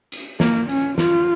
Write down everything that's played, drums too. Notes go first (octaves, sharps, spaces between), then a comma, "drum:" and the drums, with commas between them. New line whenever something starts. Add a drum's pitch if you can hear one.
drum: hi-hat
A#3, drum: snare
C#4, drum: hi-hat
F4, drum: snare